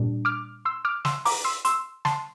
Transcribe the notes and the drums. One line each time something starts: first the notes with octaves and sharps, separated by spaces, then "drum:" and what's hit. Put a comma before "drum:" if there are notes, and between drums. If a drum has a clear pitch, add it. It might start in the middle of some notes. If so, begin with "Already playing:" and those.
Already playing: A#2 G3 D4
D6 F6
C6 E6
D6 F6
C6 E6, drum: snare
A#5 D6, drum: open hi-hat
C6 E6
C6 E6, drum: hi-hat
A5 C6, drum: snare